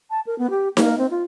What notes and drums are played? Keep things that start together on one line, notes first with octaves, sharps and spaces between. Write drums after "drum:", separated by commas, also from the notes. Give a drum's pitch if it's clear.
A5
A#4
B3
G4
A#3, drum: snare D#4
C4
F4